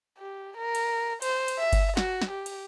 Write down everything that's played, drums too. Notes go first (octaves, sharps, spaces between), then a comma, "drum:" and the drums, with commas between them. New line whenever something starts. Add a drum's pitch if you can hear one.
G4
A#4
drum: cymbal
C5, drum: cymbal
drum: cymbal
E5
drum: kick G1, cymbal
F#4, drum: snare
drum: snare
G4
drum: cymbal